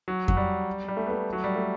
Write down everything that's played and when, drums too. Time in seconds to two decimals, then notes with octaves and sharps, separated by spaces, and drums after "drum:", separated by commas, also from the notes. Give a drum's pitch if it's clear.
0.08 F#3
0.28 F#3, drum: kick F2
0.37 G3
0.88 G3
0.97 A3
1.07 B3
1.11 A3
1.33 F#3
1.44 G3
1.56 A3